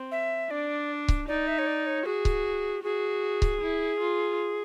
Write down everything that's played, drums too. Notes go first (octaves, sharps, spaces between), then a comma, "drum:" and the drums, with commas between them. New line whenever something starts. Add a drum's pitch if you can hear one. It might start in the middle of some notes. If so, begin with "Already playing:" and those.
Already playing: C4
E5
D4 D5
drum: kick C#1
D#4 D5
E5
C#5
D5
C#5
F#4 G#4
drum: kick C#1
F#4 G#4
drum: kick C#1
E4
F4